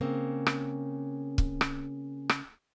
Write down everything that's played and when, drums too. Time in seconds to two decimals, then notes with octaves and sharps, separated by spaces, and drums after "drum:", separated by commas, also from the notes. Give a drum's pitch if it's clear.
0.01 C#3 A#3 C4
0.46 drum: rim click
1.38 drum: kick
1.61 drum: rim click
2.29 drum: rim click